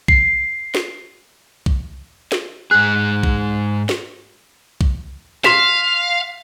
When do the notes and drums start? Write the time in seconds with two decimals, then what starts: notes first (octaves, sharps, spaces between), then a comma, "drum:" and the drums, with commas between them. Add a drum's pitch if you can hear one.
0.08 C7, drum: kick B1
0.75 drum: snare
1.66 drum: kick B1
2.32 drum: snare
2.71 G#2 G#4 F#6
3.23 drum: kick B1
3.89 drum: snare
4.81 drum: kick B1
5.44 F5 C6 B6 E7, drum: snare